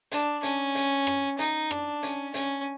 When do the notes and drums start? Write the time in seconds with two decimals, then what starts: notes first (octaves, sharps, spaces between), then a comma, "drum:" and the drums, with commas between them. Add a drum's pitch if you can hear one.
0.12 D4, drum: hi-hat
0.43 C#4, drum: hi-hat
0.75 drum: hi-hat
1.07 drum: rim click
1.39 D#4, drum: hi-hat
1.71 D4, drum: rim click
2.03 C#4, drum: hi-hat
2.34 C#4, drum: hi-hat